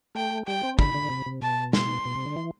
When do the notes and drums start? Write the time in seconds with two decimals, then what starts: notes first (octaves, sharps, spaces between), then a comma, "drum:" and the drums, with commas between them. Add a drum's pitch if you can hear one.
0.15 A3 G5
0.47 G3 G5
0.63 C4
0.79 D3 B5, drum: kick
0.94 D3
1.10 C3
1.26 C3
1.42 B2 A5
1.73 C6, drum: snare
2.05 B2
2.16 C3
2.26 D3
2.37 E3